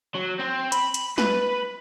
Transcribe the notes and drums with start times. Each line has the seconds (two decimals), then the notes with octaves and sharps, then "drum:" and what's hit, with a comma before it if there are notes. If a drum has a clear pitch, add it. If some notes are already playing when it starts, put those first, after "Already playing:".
0.15 F#3
0.39 C4
0.72 B5, drum: hi-hat
0.94 drum: hi-hat
1.18 B4, drum: snare